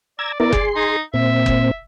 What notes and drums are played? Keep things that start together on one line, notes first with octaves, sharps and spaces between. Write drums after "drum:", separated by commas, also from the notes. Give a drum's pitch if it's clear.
D5 A#5 E6 G#6
B3 E4 A#4 D5
G#4 C6, drum: kick F#1
D#4
A#2 C4 E5
drum: kick F#1